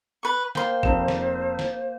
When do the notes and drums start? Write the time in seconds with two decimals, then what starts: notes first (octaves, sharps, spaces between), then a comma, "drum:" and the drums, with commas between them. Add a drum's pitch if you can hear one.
0.23 B4 C#6
0.55 A#3 C5 F5 G5 C6, drum: snare
0.83 F1 E7, drum: kick G1
1.08 drum: snare
1.59 drum: snare